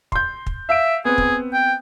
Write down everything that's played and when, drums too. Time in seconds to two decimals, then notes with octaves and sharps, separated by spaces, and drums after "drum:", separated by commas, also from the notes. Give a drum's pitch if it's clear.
0.12 C6 G6, drum: kick
0.46 drum: kick
0.69 E5 F5 E6 D7
1.05 B3 C4 G#4
1.18 drum: kick
1.53 G5